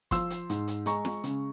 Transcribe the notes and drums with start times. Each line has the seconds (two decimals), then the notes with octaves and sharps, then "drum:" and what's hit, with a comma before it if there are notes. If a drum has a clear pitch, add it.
0.11 F3 C6 E6, drum: kick, hi-hat
0.30 drum: hi-hat
0.50 G#2, drum: hi-hat
0.68 drum: hi-hat
0.86 G#3 A#5 C#6, drum: hi-hat
1.05 drum: snare
1.24 C#3, drum: hi-hat